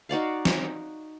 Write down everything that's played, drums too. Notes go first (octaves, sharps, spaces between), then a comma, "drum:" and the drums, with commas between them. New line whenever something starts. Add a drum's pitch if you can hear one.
D#4 F#4 D5 F5
drum: snare